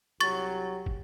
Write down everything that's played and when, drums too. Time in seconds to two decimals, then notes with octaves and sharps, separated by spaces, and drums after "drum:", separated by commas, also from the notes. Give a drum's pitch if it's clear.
0.20 C2 F#3 G4 C#6 A6
0.86 drum: kick